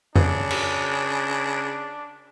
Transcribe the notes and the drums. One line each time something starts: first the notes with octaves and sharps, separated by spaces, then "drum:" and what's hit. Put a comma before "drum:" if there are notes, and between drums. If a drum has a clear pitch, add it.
C#3 D4, drum: tom F2
drum: cymbal